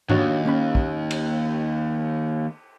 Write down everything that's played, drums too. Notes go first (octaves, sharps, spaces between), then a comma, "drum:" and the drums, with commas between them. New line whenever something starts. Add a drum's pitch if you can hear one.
D#2 D4 F#4 C#5, drum: tom G#2
A#3 C#4 B5
drum: kick
drum: cymbal